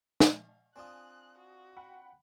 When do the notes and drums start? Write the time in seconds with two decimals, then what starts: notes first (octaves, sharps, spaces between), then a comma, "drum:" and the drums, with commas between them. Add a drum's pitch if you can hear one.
0.20 drum: snare
0.76 C4 D4 F4 G#5 D#6 F#6
1.38 F#4
1.77 F#5 G5 B5